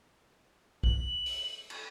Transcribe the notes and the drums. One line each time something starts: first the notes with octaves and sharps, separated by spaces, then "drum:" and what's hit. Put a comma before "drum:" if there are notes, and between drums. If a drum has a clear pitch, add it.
F#7, drum: kick
drum: open hi-hat
drum: cymbal